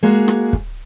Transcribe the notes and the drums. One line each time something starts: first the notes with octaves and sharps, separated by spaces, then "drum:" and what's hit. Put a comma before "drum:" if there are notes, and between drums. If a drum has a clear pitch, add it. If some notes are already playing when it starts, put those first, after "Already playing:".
G#3 A#3 F#4 G#4 F5
drum: rim click
drum: kick